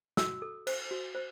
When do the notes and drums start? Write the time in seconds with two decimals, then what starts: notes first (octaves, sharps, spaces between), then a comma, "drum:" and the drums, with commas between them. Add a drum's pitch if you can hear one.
0.17 F#4 E6, drum: snare
0.42 A4
0.67 C5, drum: cymbal
0.91 F#4
1.15 C5